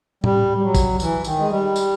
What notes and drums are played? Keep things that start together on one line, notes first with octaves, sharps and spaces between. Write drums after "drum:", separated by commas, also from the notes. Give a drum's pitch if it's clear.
G3, drum: tom A2
G3
F#3
drum: kick, tambourine
E3, drum: tambourine
D#3, drum: tambourine
G#3
G3
drum: tambourine